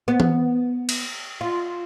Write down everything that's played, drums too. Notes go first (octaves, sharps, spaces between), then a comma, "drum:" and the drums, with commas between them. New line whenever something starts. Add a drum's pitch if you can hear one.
B3
drum: tom E3
drum: cymbal
F4